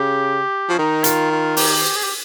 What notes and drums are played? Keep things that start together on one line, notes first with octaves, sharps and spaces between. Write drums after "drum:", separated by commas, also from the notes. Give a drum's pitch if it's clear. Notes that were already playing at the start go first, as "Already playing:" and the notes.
Already playing: C#3 G4
F3 C#4
D#3 D#4
F4, drum: hi-hat
F4
G4, drum: open hi-hat
G#4
G4